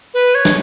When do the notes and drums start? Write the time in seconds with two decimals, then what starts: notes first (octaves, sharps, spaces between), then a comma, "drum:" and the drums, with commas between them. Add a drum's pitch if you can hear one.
0.14 B4
0.35 C#5
0.45 drum: snare